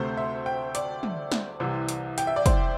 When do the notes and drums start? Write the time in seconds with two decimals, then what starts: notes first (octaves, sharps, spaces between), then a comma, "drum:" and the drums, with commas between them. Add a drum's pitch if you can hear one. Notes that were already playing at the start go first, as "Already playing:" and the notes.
Already playing: D2 C3 A3 C4 C5
0.17 E5
0.46 G5
0.75 D5, drum: hi-hat
1.03 drum: tom
1.32 drum: snare
1.60 C2 C3 E3 C4
1.89 drum: hi-hat
2.18 G5, drum: hi-hat
2.27 E5
2.36 D5
2.46 C5, drum: kick, hi-hat